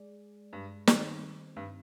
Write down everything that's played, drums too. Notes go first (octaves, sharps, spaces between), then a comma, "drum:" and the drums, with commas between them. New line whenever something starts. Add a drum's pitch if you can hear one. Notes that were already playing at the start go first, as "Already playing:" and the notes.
Already playing: G#3 G#4 D5
G2
D#3 G3 C4 D#4, drum: snare
G2